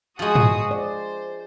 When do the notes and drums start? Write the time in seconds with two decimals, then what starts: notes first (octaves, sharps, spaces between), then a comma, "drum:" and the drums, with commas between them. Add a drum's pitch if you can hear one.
0.19 F3 G#3 F#4 G#4 D#6
0.35 drum: tom
0.71 C5 D5